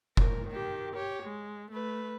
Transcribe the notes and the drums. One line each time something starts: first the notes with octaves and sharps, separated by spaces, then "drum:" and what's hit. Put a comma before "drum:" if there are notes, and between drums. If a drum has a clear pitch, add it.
A#4, drum: kick F1
D#3 G4
G4 C#5
G#3
A3 B4